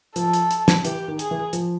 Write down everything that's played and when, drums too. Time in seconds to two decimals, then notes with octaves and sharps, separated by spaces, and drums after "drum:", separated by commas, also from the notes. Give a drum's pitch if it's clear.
0.16 F3 A4, drum: hi-hat
0.33 drum: hi-hat
0.51 drum: hi-hat
0.68 drum: snare
0.85 E3 G4, drum: hi-hat
1.08 D#3
1.19 G#4, drum: hi-hat
1.31 E3
1.53 F3, drum: hi-hat